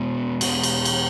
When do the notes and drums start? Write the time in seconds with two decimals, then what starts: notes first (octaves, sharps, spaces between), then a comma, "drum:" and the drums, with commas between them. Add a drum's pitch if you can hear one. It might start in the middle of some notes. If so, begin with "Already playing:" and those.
Already playing: E2 B2 G#3 B3 F#4
0.41 E2 B2 G#3 B3, drum: cymbal
0.63 drum: cymbal
0.85 drum: cymbal